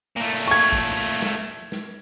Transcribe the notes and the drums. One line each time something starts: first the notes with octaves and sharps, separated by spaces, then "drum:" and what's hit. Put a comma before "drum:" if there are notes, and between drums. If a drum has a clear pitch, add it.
A#2 A3
C#6 G#6
drum: kick
drum: snare
drum: snare